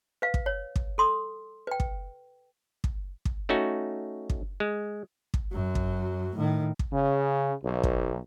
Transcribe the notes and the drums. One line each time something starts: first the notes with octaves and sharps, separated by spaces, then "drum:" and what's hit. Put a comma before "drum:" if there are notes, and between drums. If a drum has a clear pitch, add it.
B4 F5
drum: kick
C#5
drum: kick
A4 C6 D#6
B4 G5
drum: kick
drum: kick
drum: kick
A3 C#4 D#4 F#4
drum: kick
G#3
drum: kick
F#2 F#3
drum: kick
A2 D#3
drum: kick
C#3
B1
drum: kick